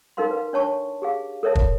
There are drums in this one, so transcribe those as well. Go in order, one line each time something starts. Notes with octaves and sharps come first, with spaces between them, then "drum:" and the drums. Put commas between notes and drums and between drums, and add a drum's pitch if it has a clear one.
D#4 A4 A#4 F5 C6
B4 F5
D4 C#5 A5 C#6
G4 G#4 F5
A4 A#4 C#5 E5 A5
drum: kick